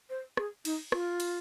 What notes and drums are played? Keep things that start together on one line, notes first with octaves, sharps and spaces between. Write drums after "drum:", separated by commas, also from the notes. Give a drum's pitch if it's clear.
C5
G#4, drum: rim click
D#4, drum: cymbal
F4, drum: rim click
drum: cymbal